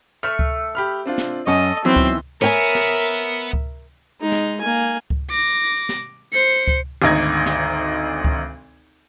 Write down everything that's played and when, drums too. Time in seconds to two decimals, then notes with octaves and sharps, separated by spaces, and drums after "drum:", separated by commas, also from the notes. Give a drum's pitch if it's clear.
0.23 A3 E5 C#6 F6
0.39 drum: kick C#2
0.75 G4 B5 F6
1.06 C4 D4 F4
1.18 drum: snare
1.47 F#2 C#4 A4 D#5 C#6
1.85 D#3 E3 F#3 B3 C4 E5
1.96 drum: kick C#2
2.42 B3 A#4 C#5 E5 G5 G#5
2.75 drum: snare
3.53 drum: kick C#2
4.21 G#3 D#4
4.32 drum: snare
4.61 A#3 G#5
5.10 drum: kick C#2
5.30 D6 A#6
5.89 drum: snare
6.33 C5 C#7
6.67 drum: kick C#2
7.02 G#1 D2 D#4 G#6
7.46 drum: snare
8.25 drum: kick C#2